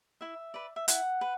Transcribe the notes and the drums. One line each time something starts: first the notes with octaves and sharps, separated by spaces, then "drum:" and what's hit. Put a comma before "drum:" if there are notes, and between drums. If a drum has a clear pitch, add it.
E4 E5
B4 D5
E5
E4 F#5, drum: hi-hat
B4